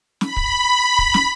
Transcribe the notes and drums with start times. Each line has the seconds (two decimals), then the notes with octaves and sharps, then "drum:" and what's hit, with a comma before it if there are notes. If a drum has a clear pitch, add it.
0.21 B5, drum: snare
0.37 drum: kick
0.99 drum: kick
1.14 drum: snare